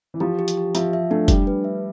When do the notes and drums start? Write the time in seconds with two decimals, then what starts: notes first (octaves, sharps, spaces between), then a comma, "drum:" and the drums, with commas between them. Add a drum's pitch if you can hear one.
0.14 E3
0.20 F3 G4
0.39 G4
0.48 drum: hi-hat
0.57 G4
0.75 F3 E5, drum: hi-hat
0.93 E5
1.11 A3 D4
1.28 G3 D4, drum: kick, hi-hat
1.47 B4
1.64 E5